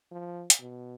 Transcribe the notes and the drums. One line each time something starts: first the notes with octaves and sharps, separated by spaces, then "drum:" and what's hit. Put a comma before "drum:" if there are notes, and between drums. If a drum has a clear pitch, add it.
F3
drum: hi-hat
B2